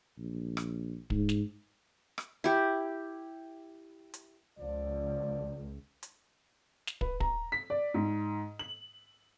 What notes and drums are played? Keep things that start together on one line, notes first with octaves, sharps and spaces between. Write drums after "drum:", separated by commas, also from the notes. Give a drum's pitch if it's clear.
A#1
drum: rim click
G#2, drum: kick
drum: snare
drum: rim click
E4 G4
drum: hi-hat
C#2 F3 D5
drum: hi-hat
drum: snare
B4, drum: kick
A#5, drum: kick
B6
D5
G#2
F#7